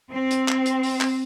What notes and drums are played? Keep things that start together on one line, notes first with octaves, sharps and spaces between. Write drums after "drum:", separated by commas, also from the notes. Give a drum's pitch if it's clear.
C4
drum: hi-hat
drum: clap
drum: hi-hat
drum: open hi-hat
drum: clap